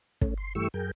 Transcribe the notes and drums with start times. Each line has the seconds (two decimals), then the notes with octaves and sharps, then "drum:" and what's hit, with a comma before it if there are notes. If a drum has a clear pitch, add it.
0.21 A3 C#4, drum: kick
0.38 C6
0.55 G2 E3 A3 G4 C#6 E6
0.74 F#2 G#4 A#4 G5